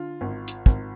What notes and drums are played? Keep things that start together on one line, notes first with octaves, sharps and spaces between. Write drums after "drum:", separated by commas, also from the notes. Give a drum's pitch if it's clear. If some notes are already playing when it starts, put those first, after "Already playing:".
Already playing: D3 F4
G#1
drum: hi-hat
G#1, drum: kick